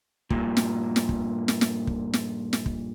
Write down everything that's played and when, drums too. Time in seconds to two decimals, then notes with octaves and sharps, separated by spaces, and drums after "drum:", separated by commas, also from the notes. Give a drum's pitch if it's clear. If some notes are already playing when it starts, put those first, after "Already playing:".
0.30 G2 A#2, drum: kick
0.57 drum: snare
0.96 drum: snare
1.09 drum: kick
1.48 drum: snare
1.61 drum: snare
1.87 drum: kick
2.13 drum: snare
2.53 drum: snare
2.66 drum: kick